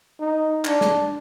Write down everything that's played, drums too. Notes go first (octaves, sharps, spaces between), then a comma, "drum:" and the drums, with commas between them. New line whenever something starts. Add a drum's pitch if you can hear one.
D#4
D4, drum: clap
drum: snare